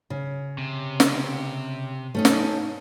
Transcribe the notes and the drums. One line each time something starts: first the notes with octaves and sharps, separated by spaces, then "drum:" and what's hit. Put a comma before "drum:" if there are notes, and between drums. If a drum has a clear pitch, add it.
C#3
C3
drum: snare
A3 C#4 D#4
drum: snare